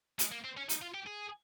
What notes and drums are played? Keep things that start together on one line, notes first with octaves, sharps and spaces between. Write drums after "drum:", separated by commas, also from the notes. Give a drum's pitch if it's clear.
G#3, drum: hi-hat
A#3
C4
C#4
D#4, drum: hi-hat
F4
G4
G#4